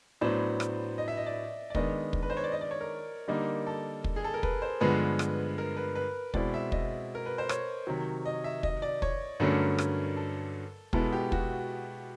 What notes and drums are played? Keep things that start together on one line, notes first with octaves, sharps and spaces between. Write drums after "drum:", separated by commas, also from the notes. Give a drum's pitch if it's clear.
A2 F#3 B3 D4 C5
drum: rim click
D#5
E5
D#5
D5
D5
D#3 G#3 B3 D4 D#5, drum: kick
drum: kick
B4
C5
C#5
D5
D#5
D5
C#5
A#4
D3 G3 A#3 D#4
A4
drum: kick
G#4
A4
A#4
B4, drum: kick
C5
G2 D3 F3 G#3 B3 B4
drum: rim click
A#4
B4
B4
B2 G#3 C4 E4 D5, drum: kick
E5
D#5, drum: kick
A#4
B4
C5
C#5, drum: rim click
C3 D#3 F#3
D#5
E5
D#5, drum: kick
D5
C#5, drum: kick
G2 D3 F#3 A3 C#4 A#4
drum: rim click
A4
B2 G#3 B3 E4 A4, drum: kick
G4
F#4, drum: kick